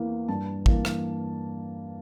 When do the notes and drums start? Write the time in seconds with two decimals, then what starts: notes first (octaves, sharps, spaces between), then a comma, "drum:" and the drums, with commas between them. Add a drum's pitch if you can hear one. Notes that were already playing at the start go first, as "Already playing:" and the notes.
Already playing: E2 E3 A#3
0.28 G2 A5
0.66 E3 A#3, drum: kick
0.85 drum: rim click